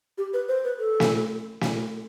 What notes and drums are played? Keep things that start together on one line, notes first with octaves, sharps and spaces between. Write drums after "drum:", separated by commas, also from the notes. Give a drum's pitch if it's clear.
G4
B4
C5
B4
A4
drum: snare
drum: snare